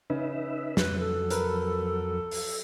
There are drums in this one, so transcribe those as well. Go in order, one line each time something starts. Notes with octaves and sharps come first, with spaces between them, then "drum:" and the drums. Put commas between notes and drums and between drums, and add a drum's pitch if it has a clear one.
C#3 D#4 B4 E5
F2 F#3 B4, drum: snare
A4
A#4 B4, drum: hi-hat
drum: open hi-hat